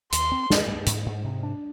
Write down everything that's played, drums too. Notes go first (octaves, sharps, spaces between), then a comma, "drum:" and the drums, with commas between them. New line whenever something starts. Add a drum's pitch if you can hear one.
D#2 C6, drum: hi-hat
C4
G2, drum: snare
G2
G#2, drum: hi-hat
G#2
C3
D4